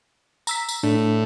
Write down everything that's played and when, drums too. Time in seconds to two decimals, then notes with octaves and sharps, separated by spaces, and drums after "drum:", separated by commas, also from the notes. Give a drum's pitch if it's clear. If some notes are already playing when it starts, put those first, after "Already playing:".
0.47 A#5 E6 B6, drum: tambourine
0.69 drum: tambourine
0.83 A2 D4